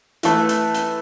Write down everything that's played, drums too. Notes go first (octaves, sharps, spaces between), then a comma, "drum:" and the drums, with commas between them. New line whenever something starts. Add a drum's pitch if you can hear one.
E3 A3 E4 B4, drum: hi-hat
drum: hi-hat
drum: hi-hat